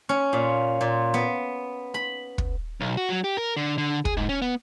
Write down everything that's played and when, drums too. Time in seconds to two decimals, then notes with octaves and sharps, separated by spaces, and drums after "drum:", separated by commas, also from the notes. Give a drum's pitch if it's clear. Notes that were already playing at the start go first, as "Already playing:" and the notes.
0.09 C#4
0.33 A#2
0.81 A#2
1.14 B3
1.94 B5
2.38 drum: kick
2.81 B1
2.97 F#4
3.10 F#3
3.24 G4
3.37 A#4
3.57 D3
3.78 D3
4.05 G#4, drum: kick
4.17 G#2
4.29 C#4
4.42 B3